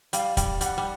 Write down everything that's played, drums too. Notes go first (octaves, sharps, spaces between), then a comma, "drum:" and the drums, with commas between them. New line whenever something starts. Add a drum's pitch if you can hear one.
G3 F5, drum: hi-hat
G3, drum: kick, hi-hat
G3 F#5, drum: hi-hat
G3